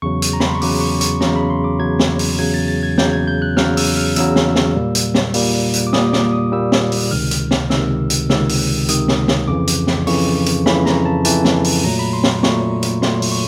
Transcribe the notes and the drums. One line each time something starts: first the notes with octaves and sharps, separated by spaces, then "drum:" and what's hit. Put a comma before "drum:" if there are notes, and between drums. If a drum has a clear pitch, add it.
E2 C#3 F#3 C#6
drum: hi-hat
A#5
B5, drum: snare
C6
C#6
E2 C#3 F#3 D6, drum: open hi-hat
C#6
C#6, drum: hi-hat
E2 C#3 F#3 A#5, drum: snare
B5
C6
D6
E2 C#3 F#3 G#6
drum: snare
drum: open hi-hat
E2 C#3 F#3 G#6
A6
A6
G#6
E2 C#3 F#3 G6, drum: snare
G#6
G6
F#6
E2 C#3 F#3 F6, drum: snare
E6, drum: open hi-hat
F6
E2 C#3 F#3 E6, drum: hi-hat
drum: snare
drum: snare
A#2 G3 A#3
drum: hi-hat
drum: snare
A#2 G3 A#3, drum: open hi-hat
drum: hi-hat
D6
A#2 G3 A#3 D#6, drum: snare
D6, drum: snare
D#6
A#2 G3 A#3 E6
drum: snare
drum: open hi-hat
C#2 C3 D#3 F6
drum: hi-hat
drum: snare
C#2 C3 D#3 E6, drum: snare
drum: hi-hat
C#2 C3 D#3 E6, drum: snare
drum: open hi-hat
C#2 C3 D#3 D#6, drum: hi-hat
drum: snare
drum: snare
F2 C#3 E3 D6
drum: hi-hat
drum: snare
F2 C#3 E3 C#6, drum: open hi-hat
drum: hi-hat
F2 C#3 E3 B5, drum: snare
A#5, drum: snare
A5
F2 C#3 E3 A5, drum: hi-hat
drum: snare
drum: open hi-hat
A#2 F#3 A3 A#5
B5
C6
drum: snare
A#2 F#3 A3 C#6, drum: snare
drum: hi-hat
A#2 F#3 A3 C6, drum: snare
drum: open hi-hat
C#6